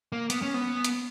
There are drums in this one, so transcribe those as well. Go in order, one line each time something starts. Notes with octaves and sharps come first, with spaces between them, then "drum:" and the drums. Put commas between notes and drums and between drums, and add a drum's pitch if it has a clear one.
A#3
B3, drum: hi-hat
C#4
B3
drum: hi-hat